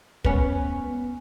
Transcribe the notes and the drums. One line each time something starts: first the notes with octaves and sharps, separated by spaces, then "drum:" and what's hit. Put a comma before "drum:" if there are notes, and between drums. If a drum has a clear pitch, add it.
B3 C#4, drum: kick